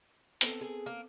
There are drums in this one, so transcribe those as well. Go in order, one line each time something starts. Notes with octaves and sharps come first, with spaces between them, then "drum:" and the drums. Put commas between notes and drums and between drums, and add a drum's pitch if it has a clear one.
B3 C4 A4, drum: hi-hat
G#4
A#3